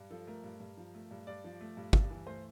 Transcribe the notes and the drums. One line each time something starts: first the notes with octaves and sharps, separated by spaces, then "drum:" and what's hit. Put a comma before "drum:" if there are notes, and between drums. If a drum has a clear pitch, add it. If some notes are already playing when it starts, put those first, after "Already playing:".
Already playing: G2
F3 A4
A3 A#4
G2
G2
F3
A3
G2
G2 D5
F3
A3
G2
G2, drum: kick
E3
A3 C5